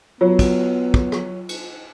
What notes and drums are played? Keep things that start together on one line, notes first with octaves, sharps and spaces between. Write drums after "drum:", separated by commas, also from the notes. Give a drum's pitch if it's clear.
F#3 B3 F4
drum: kick, cymbal
drum: kick
drum: rim click
drum: cymbal